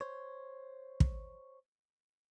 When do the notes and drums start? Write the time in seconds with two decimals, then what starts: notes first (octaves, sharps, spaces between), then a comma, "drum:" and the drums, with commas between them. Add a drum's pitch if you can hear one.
0.01 C5 C#5
1.00 drum: kick